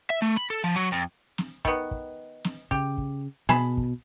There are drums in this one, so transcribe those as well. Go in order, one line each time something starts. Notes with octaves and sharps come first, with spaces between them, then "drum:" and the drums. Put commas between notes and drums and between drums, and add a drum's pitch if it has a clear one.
E5
A3
B5
A4
F3
F#3
F2
drum: snare
D#3 B3, drum: kick
drum: kick
drum: snare
C#3 G4, drum: kick
drum: kick
B2 G#4 A5 B5, drum: snare
drum: kick